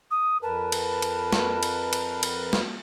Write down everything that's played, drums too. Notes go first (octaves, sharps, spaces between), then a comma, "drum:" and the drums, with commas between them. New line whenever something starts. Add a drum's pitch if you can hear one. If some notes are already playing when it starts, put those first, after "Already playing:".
D#6
F2 A#4 B4 A5
drum: cymbal
drum: cymbal
drum: snare
drum: cymbal
drum: cymbal
drum: cymbal
drum: snare